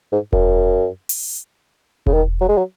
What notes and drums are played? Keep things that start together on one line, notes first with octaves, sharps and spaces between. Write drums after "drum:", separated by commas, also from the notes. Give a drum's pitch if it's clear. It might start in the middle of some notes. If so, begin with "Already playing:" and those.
G#2
F#2, drum: kick E1
drum: open hi-hat
C#3, drum: kick E1
D#3
F#3
G#3
F#3